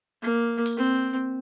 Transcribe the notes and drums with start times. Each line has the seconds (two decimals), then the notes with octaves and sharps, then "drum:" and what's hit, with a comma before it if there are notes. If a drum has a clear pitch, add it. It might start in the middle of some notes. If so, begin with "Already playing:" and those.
0.22 A#3
0.66 drum: open hi-hat
0.77 C4